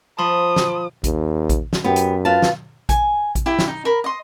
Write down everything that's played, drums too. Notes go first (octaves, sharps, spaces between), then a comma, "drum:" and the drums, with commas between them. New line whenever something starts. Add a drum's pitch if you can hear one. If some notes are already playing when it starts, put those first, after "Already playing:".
F3 A5 B5 C6 D#6
drum: snare
D#2, drum: kick A1, hi-hat
drum: kick A1, hi-hat
drum: snare
F#2 B3 G4
drum: hi-hat
F4 B4 A5
drum: snare
G#5, drum: kick A1, hi-hat
drum: kick A1, hi-hat
E4 G4
drum: snare
D#4
A#4 B5
D#5 C6